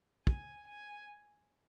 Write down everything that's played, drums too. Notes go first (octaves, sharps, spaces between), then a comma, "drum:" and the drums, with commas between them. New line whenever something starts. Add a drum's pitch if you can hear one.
G#5, drum: kick
G#5